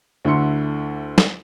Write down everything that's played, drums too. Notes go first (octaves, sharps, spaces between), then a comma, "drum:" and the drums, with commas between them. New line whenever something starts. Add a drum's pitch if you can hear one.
D2 D3 E4 C6 C#7
drum: snare